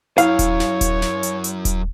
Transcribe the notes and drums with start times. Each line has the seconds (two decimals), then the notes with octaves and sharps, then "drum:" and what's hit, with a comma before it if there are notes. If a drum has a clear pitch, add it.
0.18 F#2 E4 C#5 F5, drum: hi-hat
0.39 drum: kick D#1, hi-hat
0.60 drum: snare
0.81 drum: kick D#1, hi-hat
1.02 drum: snare
1.23 drum: hi-hat
1.44 drum: hi-hat
1.65 drum: kick D#1, hi-hat